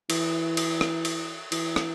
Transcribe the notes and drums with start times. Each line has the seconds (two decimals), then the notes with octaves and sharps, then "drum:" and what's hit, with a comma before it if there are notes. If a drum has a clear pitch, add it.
0.10 E3, drum: cymbal
0.57 drum: cymbal
0.81 drum: rim click
1.05 drum: cymbal
1.52 E3, drum: cymbal
1.76 drum: rim click